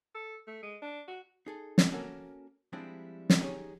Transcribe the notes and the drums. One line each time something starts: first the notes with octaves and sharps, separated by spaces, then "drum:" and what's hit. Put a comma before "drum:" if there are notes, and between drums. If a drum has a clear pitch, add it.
A4
A3
G#3
D4
F#4
D#4 G#4 A4
drum: snare
A#3 C#4 F#4 A4 A#4 G#5
F3 G3 G#3 C4 D4 E4
drum: snare
D#4 G4 G#4 C#5